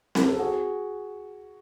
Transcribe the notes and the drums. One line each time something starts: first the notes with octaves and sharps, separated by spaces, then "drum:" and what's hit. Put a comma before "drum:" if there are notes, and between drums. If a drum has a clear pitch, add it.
A#4, drum: snare C4
A4
F#4 G#4